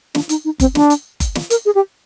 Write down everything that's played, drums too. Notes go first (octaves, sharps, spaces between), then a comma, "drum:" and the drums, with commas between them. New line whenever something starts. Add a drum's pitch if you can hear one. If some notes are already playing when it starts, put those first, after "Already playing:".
D4, drum: snare
D#4, drum: hi-hat
D#4
C4, drum: kick F#1, hi-hat
D4, drum: snare
drum: hi-hat
drum: kick F#1, hi-hat
drum: snare
A#4, drum: hi-hat
G#4
G4